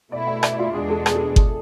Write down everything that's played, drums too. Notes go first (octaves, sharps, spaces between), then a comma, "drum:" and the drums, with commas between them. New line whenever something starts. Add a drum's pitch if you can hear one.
B2 A3 E4 D5
E5
D5, drum: rim click
F4
E2 B2 G#3 D4 G#4
A4
G#4, drum: rim click
A4
G#4
drum: kick G1